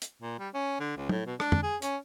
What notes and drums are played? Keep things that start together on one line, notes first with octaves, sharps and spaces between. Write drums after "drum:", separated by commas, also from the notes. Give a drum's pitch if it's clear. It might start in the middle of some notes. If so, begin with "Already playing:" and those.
drum: hi-hat
A#2
G3
C#4
D3
C#2
A2, drum: tom
B2
D4, drum: rim click
drum: tom F2
G#4
C#4, drum: hi-hat